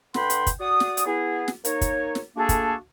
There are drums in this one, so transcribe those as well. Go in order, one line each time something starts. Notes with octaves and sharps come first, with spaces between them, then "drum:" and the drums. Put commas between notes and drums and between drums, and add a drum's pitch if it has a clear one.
D3 B4 F#5 G5 B5 C6, drum: snare
drum: hi-hat
drum: kick, hi-hat
F#4 D5 F#5 D#6
drum: snare
drum: hi-hat
B3 E4 G#4
drum: snare
A#3 D#4 A#4 C#5, drum: hi-hat
drum: kick, hi-hat
drum: snare
A3 A#3 D4 F#4 G#4 A4
drum: kick, hi-hat